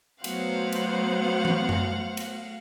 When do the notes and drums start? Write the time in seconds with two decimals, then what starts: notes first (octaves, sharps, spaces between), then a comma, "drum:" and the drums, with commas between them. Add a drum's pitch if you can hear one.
0.24 F#3 A3 B3 C5 F5 F#5, drum: cymbal
0.72 drum: cymbal
1.45 drum: tom E3
1.69 drum: tom F#2
2.17 drum: cymbal